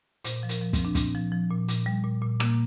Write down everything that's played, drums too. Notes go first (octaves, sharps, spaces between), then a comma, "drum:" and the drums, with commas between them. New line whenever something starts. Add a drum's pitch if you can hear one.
A#2 C5, drum: hi-hat
F3
A#4, drum: hi-hat
F3
C4, drum: kick, hi-hat
F3
D4
A#2 C4, drum: kick, hi-hat
F3
F3
A#2
A#2, drum: hi-hat
G3
A#2
A#2
A#2 A#3, drum: rim click